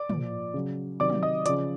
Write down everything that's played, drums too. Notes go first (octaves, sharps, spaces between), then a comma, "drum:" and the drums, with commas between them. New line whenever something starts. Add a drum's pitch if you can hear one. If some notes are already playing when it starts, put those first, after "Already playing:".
Already playing: D5 D6
A#2 F3, drum: tom
C#3 F#3
C3 D#3 F#3 D5 D6
drum: tom
D#5 D#6
C#3 F3 D5 D6, drum: hi-hat